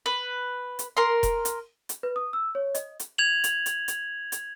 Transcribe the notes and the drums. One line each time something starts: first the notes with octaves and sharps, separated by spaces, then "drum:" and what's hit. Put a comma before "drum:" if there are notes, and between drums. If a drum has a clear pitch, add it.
B4
drum: hi-hat
A#4 C6
drum: kick E1, hi-hat
drum: hi-hat
drum: hi-hat
B4
D#6
E6
C#5
D#5, drum: hi-hat
drum: hi-hat
G#6 F7 F#7
drum: hi-hat
drum: hi-hat
drum: hi-hat
drum: hi-hat